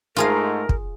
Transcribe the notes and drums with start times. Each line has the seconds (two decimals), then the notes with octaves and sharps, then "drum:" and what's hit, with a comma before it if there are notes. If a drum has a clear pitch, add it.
0.16 G#2 A3 F4 G#4 A#4 F5
0.69 drum: kick